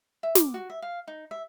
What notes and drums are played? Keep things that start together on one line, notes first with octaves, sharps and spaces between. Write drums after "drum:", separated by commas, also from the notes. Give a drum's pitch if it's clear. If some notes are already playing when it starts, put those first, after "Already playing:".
E5
D6, drum: snare
F#4
E5
F5
D#4
E5